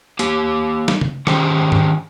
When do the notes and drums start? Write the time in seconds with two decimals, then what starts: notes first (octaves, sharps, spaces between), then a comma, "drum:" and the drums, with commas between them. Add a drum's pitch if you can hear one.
0.19 A#3 G4, drum: hi-hat
0.88 drum: snare
1.01 drum: tom C#3
1.27 D#3 C#4 G4 G#4 C5, drum: rim click
1.72 drum: tom